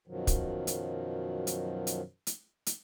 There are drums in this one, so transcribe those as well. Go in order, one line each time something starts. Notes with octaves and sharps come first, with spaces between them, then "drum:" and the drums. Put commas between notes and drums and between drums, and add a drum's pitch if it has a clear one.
F#2 B2 D#3 F3 F#3
drum: kick, hi-hat
drum: hi-hat
drum: hi-hat
drum: hi-hat
drum: hi-hat
drum: hi-hat